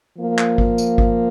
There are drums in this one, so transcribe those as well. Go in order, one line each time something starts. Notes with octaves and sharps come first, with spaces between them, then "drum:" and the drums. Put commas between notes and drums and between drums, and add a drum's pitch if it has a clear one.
F3 A#3
drum: clap
drum: kick G#1
drum: tambourine
drum: kick G#1